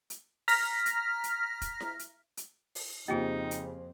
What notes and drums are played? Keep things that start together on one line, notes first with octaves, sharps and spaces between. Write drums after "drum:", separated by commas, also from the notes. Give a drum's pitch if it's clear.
drum: hi-hat
A#5 F6 A#6 B6, drum: open hi-hat
drum: hi-hat
drum: hi-hat
drum: kick E1, hi-hat
drum: snare E4
drum: hi-hat
drum: hi-hat
drum: open hi-hat
F2 C#3 A#3 C4 D#4 F4 G4
drum: hi-hat